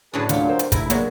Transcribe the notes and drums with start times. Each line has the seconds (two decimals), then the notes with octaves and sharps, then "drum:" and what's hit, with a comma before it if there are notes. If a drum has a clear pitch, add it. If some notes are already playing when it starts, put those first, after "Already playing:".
0.13 F#2 A2 D3 G#4 B4 A5
0.29 D2 A#2 F#3 B3 G4 F5, drum: hi-hat
0.49 A#4 C5
0.59 drum: hi-hat
0.72 F1 E4 A#4 G#5, drum: kick, hi-hat
0.90 B2 F#3 G#3 A#3 C#5 D5, drum: hi-hat